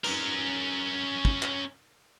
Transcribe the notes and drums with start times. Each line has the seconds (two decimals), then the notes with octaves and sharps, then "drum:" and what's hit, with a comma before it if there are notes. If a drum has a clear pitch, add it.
0.04 C#4 A#4, drum: cymbal
1.25 drum: kick
1.42 drum: clap